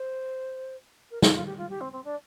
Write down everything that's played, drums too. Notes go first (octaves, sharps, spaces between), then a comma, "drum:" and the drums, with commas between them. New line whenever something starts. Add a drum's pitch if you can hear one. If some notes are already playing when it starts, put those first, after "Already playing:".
Already playing: C5
A#4
F4, drum: snare
F4
G4
F4
G4
C4
C4
D4